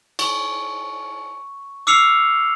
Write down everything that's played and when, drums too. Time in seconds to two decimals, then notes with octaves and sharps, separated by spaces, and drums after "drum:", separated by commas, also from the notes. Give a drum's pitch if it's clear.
0.19 C#6, drum: cymbal
1.87 D6 E6 F6 C7 C#7 F7